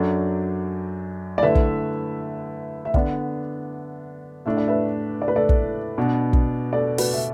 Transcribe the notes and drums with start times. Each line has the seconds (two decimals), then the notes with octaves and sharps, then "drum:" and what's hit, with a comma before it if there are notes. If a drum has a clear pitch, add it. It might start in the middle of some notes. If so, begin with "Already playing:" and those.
Already playing: F#2 F#3 D4 A4 D5
1.38 D5
1.43 D3 A3 E4 B4 E5
1.55 drum: kick
2.85 E5
2.94 D3 B3 D4 D5 F#5, drum: kick
4.46 A2 A3 D4 E5
4.57 D5
4.68 B4 E5
5.22 D5
5.28 B4
5.36 A4 D5
5.49 drum: kick
5.98 B2 B3 D4
6.33 drum: kick
6.73 A4 D5
6.98 F#4 B4, drum: open hi-hat
7.13 E5